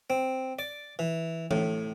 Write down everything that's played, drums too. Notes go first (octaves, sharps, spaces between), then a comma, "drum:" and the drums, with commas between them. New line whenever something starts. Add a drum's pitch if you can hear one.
C4
D5
E3
A2, drum: tom E3